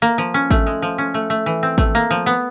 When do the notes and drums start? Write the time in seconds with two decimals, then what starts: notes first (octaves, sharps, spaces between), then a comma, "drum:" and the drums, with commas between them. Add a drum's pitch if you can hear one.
0.02 A#3
0.18 F3
0.34 C#4
0.51 A3, drum: kick G#1
0.66 G#3
0.82 F3
0.98 C#4
1.14 A3
1.30 A3
1.46 E3
1.63 C4
1.78 A3, drum: kick G#1
1.95 A#3
2.11 F3
2.26 B3